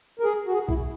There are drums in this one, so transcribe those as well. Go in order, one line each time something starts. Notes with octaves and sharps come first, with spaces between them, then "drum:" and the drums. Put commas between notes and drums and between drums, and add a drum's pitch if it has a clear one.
A#4
G#4
F#4
G#4
E4, drum: kick B1